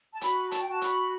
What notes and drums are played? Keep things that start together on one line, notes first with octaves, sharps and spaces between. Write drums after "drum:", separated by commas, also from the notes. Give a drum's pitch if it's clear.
A5
F#4 B5, drum: hi-hat
A5, drum: hi-hat
G5
F#4 A5
B5, drum: hi-hat